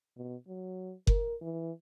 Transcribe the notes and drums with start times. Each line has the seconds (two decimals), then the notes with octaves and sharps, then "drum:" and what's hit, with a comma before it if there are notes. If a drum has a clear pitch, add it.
0.17 B2
0.48 F#3
1.07 A#4, drum: kick F#1
1.42 E3